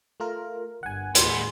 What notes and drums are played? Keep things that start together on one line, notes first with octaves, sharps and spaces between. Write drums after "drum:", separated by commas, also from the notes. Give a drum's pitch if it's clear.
A3 F4 A#4
G1 F#5 G#5
D#2 A2 C3 G#3 B3 C6, drum: hi-hat